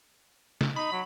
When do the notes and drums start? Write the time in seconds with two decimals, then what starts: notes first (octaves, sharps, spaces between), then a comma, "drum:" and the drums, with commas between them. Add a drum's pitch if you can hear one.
0.61 drum: snare C#3
0.76 D#4 B5
0.92 F#3